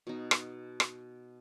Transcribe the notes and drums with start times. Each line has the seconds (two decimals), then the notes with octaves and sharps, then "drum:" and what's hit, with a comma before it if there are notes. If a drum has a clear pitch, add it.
0.07 B2 D#4
0.31 drum: rim click
0.80 drum: rim click